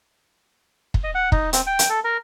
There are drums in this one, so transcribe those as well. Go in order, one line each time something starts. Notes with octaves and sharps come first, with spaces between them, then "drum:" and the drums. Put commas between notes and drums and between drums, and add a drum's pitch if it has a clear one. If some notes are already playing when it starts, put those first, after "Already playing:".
drum: kick
D#5
F#5
D#4, drum: kick
C4, drum: hi-hat
G5
drum: hi-hat
A4
A#4